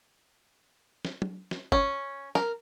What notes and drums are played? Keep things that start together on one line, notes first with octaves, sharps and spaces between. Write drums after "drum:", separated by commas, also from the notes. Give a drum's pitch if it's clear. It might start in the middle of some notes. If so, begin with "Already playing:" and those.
drum: snare
drum: tom
drum: snare
C#4, drum: kick G1
A#4, drum: snare